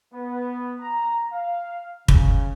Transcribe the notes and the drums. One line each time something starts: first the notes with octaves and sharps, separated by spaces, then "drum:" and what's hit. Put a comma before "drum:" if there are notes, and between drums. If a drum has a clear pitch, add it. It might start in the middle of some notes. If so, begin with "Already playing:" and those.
B3
A#5
F5
C#3, drum: kick